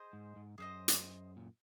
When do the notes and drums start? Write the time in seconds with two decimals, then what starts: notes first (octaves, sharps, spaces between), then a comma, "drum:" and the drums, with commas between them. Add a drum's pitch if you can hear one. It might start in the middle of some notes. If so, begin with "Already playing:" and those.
Already playing: G#4 C5 D#5
0.13 G#2
0.36 G#2
0.58 F#2 G#4 C5 D#5
0.88 drum: hi-hat
1.36 A#2